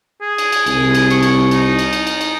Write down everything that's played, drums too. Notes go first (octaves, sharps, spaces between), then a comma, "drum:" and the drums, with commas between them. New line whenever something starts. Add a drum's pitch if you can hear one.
G#4
drum: cymbal
drum: cymbal
C2, drum: cymbal
drum: cymbal
C#6, drum: cymbal
drum: cymbal
D#4, drum: cymbal
drum: cymbal
drum: cymbal
drum: cymbal
drum: cymbal